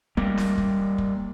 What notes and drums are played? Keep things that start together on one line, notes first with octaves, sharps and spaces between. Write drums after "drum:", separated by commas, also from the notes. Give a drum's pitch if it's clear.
G3 A#3, drum: kick
drum: snare C#4
drum: kick
drum: kick